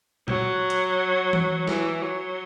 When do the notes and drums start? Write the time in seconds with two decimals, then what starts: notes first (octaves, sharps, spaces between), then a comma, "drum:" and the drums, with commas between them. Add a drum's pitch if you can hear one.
0.28 F#3, drum: tom A#2
0.70 drum: hi-hat
1.33 drum: tom E3
1.67 E3, drum: snare
2.02 F#3